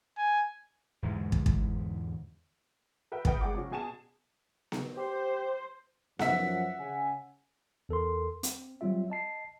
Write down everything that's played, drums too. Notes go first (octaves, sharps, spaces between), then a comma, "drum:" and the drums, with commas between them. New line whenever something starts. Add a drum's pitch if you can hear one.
G#5
E2 G#2 D3 G#3
drum: kick
drum: kick
A#4 B4 E5 G5
B3 G#4 A#4 B4 D#5 G5, drum: kick
G#3 G#4 D5 F#5 D6
C3 F3 C#4
B2 G#4 G#5 A5 E7
drum: snare B3
G4 C5
F#2 F3 E5 F#5, drum: snare B3
C#3 G#5
E2 A4 A#4 C6
C4, drum: hi-hat
F#3 G3 C4 F4 E5
D#5 A5 C7